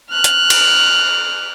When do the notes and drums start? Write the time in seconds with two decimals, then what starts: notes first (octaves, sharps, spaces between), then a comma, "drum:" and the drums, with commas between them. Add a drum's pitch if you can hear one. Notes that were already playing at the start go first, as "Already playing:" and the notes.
0.11 F6 F#6
0.24 drum: hi-hat
0.50 drum: cymbal